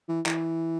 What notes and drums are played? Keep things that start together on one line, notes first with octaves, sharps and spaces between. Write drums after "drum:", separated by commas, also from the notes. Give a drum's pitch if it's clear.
E3
E3, drum: clap